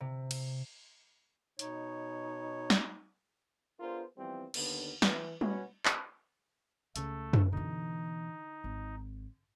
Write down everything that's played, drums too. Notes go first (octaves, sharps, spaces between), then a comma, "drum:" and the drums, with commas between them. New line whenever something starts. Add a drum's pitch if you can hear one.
C3
drum: cymbal
B2 D#4 C#5, drum: hi-hat
drum: snare
B3 D4 F4 G#4 A#4 C5
E3 F3 G3 B3 C4
D#2 D3 B3, drum: cymbal
E3, drum: snare
B2 C#4 F#4 B4, drum: tom G3
drum: clap
C#2 C#3 A3 A4, drum: hi-hat
drum: tom F#2
B2 D3 E3 D#4
G#1